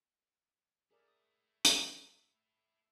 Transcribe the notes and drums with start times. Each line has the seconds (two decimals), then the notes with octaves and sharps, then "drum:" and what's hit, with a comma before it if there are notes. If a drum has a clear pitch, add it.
0.91 A3 E4 G#4 A#4 D5
1.08 D#6
1.65 drum: hi-hat